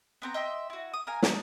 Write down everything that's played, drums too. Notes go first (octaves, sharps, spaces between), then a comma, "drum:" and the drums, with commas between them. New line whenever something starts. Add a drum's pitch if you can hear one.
B3 C4 A#5
D#5 E5 G5 C6
E4 F#4
D#6
A#4 F5 G#5
D4 D#4, drum: snare